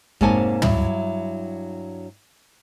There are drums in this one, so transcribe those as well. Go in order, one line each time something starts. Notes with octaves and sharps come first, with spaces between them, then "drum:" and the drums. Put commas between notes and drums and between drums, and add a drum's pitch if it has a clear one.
G#2 C3 A#3 C#5 G#5 A5, drum: kick F2
G2 F#3 E4, drum: tom